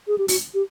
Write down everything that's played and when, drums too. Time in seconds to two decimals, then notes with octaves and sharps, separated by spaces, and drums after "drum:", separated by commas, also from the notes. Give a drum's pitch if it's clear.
0.07 G#4
0.18 G4
0.28 F#4, drum: open hi-hat
0.54 G4